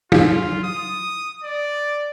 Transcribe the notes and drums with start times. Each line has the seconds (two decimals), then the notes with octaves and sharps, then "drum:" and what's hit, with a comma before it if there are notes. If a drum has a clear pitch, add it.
0.12 F4, drum: tom
0.64 D#6
1.44 D5